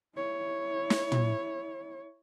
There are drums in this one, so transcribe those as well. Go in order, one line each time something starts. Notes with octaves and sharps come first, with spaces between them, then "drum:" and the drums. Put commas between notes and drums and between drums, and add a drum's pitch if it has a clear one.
E4 C#5
drum: snare
drum: tom